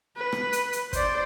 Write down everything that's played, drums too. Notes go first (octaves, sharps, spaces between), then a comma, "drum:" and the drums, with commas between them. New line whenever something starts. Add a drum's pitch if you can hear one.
B4
drum: rim click
drum: hi-hat
drum: hi-hat
C5 D5, drum: kick, hi-hat